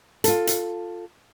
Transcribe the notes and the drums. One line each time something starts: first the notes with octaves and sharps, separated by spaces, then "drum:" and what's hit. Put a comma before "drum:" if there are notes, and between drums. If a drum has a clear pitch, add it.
F4 A4, drum: hi-hat
drum: hi-hat